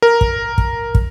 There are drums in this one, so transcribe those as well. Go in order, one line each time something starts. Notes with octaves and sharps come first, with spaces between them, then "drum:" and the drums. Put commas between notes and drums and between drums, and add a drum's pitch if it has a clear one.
A#4
drum: kick
drum: kick
drum: kick